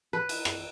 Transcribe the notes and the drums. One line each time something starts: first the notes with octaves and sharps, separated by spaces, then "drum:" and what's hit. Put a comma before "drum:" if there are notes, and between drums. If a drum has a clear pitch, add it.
B4
drum: cymbal
drum: rim click